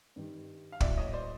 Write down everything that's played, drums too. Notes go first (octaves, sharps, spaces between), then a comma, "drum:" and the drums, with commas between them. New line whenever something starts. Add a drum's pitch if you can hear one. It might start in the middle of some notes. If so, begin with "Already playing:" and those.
G2 D#3 G3
F5
A2 F#3 A#3 D5 E5, drum: kick
C#5 D#5
C5 D5